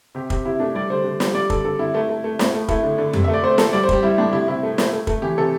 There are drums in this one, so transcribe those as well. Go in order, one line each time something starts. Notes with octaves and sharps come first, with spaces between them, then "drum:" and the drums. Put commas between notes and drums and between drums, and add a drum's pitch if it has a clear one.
C3 G4
C3 G4, drum: kick
C3 E4
A3 D4
G3 D5
D3 C5
D3
G3, drum: snare
G3 D5
D3 A4, drum: kick
D3 A4
D3 E4
A3 E4
A3
A3
A2, drum: snare
A3
A3 E4, drum: kick
D3
D3
C3, drum: tom F2
E5
A3
D5
A3 C5
A3 A4, drum: snare
G3 D5
C5
G3 G4, drum: kick
G3 E4
A2 D4
C3 E4
C3 E4
A3
A3, drum: snare
A3
A3, drum: kick
E3 G4
C3 A4